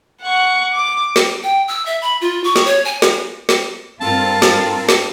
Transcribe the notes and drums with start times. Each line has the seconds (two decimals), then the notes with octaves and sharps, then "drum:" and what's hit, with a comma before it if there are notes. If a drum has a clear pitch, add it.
0.22 F#5 C#6
0.73 D6
1.16 drum: snare
1.43 G5
1.68 E6
1.86 E5
2.02 B5
2.21 F4
2.44 C#6
2.56 drum: snare
2.65 C#5
2.85 G#5
3.02 drum: snare
3.49 drum: snare
4.01 G2 C4 F4 A4 A#4 A5
4.42 drum: snare
4.89 drum: snare